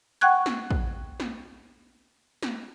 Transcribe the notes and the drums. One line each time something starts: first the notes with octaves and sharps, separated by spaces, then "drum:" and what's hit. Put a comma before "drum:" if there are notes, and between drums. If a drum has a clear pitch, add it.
F#5 G5 C#6 F#6 G#6
drum: snare
drum: kick
drum: snare
drum: snare